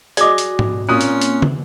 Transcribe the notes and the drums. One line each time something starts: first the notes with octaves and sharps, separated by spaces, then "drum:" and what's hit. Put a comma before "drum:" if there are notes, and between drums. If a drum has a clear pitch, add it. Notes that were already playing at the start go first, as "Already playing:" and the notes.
F#4 G#4 D5 D#5 D6, drum: hi-hat
drum: hi-hat
drum: tom G#2
A#2 A#3 C4 C#4 D#6 F#6
drum: hi-hat
drum: hi-hat
drum: tom